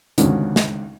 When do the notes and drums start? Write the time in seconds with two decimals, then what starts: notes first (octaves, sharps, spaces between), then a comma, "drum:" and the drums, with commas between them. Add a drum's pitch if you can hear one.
0.18 C#2 B2 D3 D#3 C4 C#4, drum: hi-hat
0.56 drum: snare